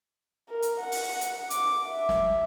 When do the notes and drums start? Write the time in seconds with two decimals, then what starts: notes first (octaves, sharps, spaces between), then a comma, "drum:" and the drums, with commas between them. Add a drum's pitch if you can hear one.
0.49 A#4
0.62 drum: hi-hat
0.81 F#5
0.92 drum: open hi-hat
1.21 drum: hi-hat
1.50 D6, drum: hi-hat
1.88 E5
2.09 drum: snare